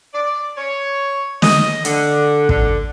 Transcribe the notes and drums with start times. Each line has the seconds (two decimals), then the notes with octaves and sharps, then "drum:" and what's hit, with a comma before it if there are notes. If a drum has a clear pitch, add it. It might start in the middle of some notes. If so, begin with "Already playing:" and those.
0.12 D5
0.57 C#5
1.42 D#5, drum: snare
1.85 D3, drum: hi-hat
2.49 D3, drum: kick